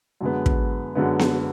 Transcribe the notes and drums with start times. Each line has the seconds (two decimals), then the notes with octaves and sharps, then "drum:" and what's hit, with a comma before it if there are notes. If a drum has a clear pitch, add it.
0.21 F#2 D3 G#3 B3
0.46 drum: kick
0.95 F#2 D3 G#3 B3
1.19 drum: snare B3